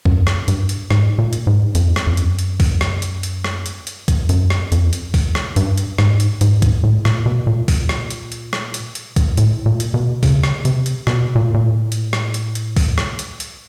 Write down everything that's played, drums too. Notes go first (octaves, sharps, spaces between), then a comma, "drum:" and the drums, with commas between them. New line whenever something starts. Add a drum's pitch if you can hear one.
F#2, drum: kick B1
drum: rim click
G2, drum: hi-hat
drum: hi-hat
G#2, drum: rim click
A#2
drum: hi-hat
G#2
F2, drum: hi-hat
drum: rim click
F2
F#2, drum: hi-hat
drum: hi-hat
drum: kick B1, open hi-hat
drum: rim click
drum: hi-hat
drum: hi-hat
drum: rim click
drum: hi-hat
drum: hi-hat
drum: kick B1, hi-hat
F#2, drum: hi-hat
drum: rim click
F2, drum: hi-hat
drum: hi-hat
drum: kick B1, open hi-hat
drum: rim click
G2, drum: hi-hat
drum: hi-hat
G#2, drum: rim click
drum: hi-hat
G#2, drum: hi-hat
drum: kick B1, hi-hat
A2
A#2, drum: rim click
B2
A#2
drum: kick B1, open hi-hat
drum: rim click
drum: hi-hat
drum: hi-hat
drum: rim click
drum: hi-hat
drum: hi-hat
drum: kick B1, hi-hat
A2, drum: hi-hat
A#2
drum: hi-hat
B2
C#3, drum: kick B1, open hi-hat
drum: rim click
C3, drum: hi-hat
drum: hi-hat
B2, drum: rim click
A#2
A#2
A2
drum: hi-hat
drum: rim click
drum: hi-hat
drum: hi-hat
drum: kick B1, open hi-hat
drum: rim click
drum: hi-hat
drum: hi-hat